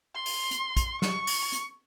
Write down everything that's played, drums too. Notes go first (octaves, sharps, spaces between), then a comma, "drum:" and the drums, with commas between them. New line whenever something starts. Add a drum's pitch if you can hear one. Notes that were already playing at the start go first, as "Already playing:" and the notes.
C6
drum: open hi-hat
drum: hi-hat
drum: kick A#1, hi-hat
C#6, drum: snare
drum: open hi-hat
drum: hi-hat